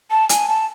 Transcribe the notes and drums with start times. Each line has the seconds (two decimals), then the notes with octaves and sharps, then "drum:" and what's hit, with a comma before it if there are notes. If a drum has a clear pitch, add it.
0.11 A5
0.29 G#5, drum: hi-hat
0.49 A5